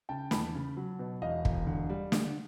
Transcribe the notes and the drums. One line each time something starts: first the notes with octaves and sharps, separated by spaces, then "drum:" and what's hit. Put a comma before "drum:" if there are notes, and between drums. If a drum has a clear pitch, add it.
C#3 G5 A5
E2 A5 B5, drum: snare
C#3
F#3
B2
E1 D#5 F5
E1, drum: kick
D3
G3
D3, drum: snare